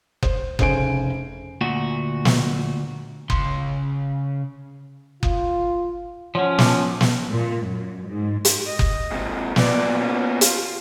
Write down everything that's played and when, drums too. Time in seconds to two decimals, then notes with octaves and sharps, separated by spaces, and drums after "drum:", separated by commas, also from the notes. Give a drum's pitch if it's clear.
0.23 C5, drum: kick F#1
0.59 F1 C#3 C5 G#5 D7, drum: kick F#1
1.61 D2 A#2 F#4
2.25 drum: snare
3.30 C#3 C6, drum: kick F#1
5.23 F4, drum: kick F#1
6.35 F3 C#4 C#5 F#5
6.59 A5 D6, drum: snare
7.01 drum: snare
7.31 A#2
7.65 F#2
8.07 G#2
8.45 drum: hi-hat
8.66 D#5
8.79 drum: kick F#1
9.12 G#2 C3
9.56 A#2 B3 D5, drum: snare
9.99 C#4
10.41 F4, drum: hi-hat